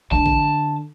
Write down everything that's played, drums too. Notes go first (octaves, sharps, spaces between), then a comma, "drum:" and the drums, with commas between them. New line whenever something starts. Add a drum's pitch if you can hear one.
D3 A5
drum: kick G#1